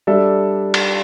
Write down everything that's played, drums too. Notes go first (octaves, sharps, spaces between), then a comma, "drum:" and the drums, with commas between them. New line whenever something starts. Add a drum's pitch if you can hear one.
G3 D4 A4 E5
drum: cymbal